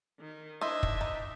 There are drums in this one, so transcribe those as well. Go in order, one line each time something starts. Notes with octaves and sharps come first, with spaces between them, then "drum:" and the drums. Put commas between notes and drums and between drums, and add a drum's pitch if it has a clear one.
D#3
D4 E4 C5 D#5 E5
drum: kick
D#4